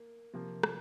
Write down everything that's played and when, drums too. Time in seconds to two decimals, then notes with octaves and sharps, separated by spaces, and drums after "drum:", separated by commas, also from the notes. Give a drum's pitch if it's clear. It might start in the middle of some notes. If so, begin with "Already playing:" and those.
Already playing: A#3
0.34 C3 F3 A#3
0.63 drum: rim click